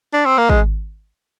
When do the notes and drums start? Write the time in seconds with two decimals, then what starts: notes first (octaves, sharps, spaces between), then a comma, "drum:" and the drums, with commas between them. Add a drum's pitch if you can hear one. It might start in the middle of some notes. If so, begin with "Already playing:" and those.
0.13 D4
0.25 C4
0.38 A#3
0.49 G#3, drum: kick